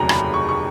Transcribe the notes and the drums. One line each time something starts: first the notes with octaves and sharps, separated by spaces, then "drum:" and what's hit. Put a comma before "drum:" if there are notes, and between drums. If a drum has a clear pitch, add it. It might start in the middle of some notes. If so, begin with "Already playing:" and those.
Already playing: F1 D#2 C#3 F#3 A#5
B5, drum: rim click
C#6
C#6